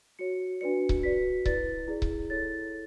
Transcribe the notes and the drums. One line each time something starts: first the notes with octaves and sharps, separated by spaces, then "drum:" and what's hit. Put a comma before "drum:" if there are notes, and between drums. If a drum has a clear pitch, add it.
F#4 C#5 C#7
D4 F#4 B4 D5 C#7
drum: kick C#1
F#4 B4 D5 B6
E4 B4 D5 A6, drum: kick C#1
E4 G#4 D5
drum: kick C#1
E4 A4 C#5 A6